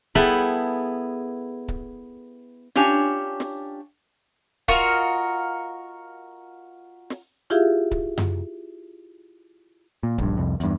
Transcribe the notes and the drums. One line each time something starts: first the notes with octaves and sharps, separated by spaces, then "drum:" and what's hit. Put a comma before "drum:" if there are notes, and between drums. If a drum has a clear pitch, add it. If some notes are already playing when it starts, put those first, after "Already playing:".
B3 E4 G#4 A4 G5 B5, drum: kick C#1
drum: kick C#1
C#4 D4 F4 G4 C#5 G#5, drum: snare
drum: snare
F4 F#4 A#4 D#5, drum: kick C#1
drum: snare
E4 F4 G4 G#4 E5 F5, drum: hi-hat
drum: kick C#1
drum: tom F#2
A#2
A#1 G2, drum: kick C#1
C2 F2
E2 G2, drum: hi-hat